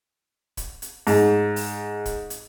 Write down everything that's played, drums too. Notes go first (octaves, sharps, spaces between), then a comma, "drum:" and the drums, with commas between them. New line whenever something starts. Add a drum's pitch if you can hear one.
drum: kick, hi-hat
drum: hi-hat
G#2, drum: open hi-hat
drum: open hi-hat
drum: kick, hi-hat
drum: hi-hat